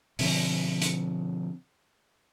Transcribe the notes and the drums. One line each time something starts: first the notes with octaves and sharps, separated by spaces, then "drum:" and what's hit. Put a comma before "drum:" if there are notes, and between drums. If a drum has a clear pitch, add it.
B2 D3 F3 C4, drum: open hi-hat
drum: hi-hat